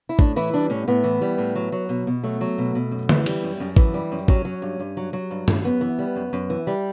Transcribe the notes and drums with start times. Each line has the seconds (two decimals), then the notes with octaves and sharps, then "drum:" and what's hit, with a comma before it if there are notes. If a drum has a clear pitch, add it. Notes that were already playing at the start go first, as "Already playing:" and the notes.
0.09 E4
0.19 A2 D4, drum: kick
0.36 E3 E4
0.53 G3 D4
0.70 A2 C#4
0.88 A2 B3
1.04 E3
1.22 G3
1.38 A2
1.55 F#3
1.72 F#3
1.89 B2
2.07 B2
2.23 F#3 A3
2.41 F#3
2.58 B2
2.75 B2
2.91 F#2
3.09 E3, drum: tom
3.26 G3, drum: cymbal
3.43 F#2
3.60 F#2
3.77 E3, drum: kick
3.94 G3
4.12 F#2
4.28 F#3 C#4, drum: kick
4.45 F#3
4.62 G2
4.79 G2
4.97 F#3
5.13 F#3
5.31 G2
5.48 G2, drum: tom
5.65 F#2 B3
5.81 E3
5.99 G3
6.16 F#2
6.33 F#2
6.50 E3
6.67 G3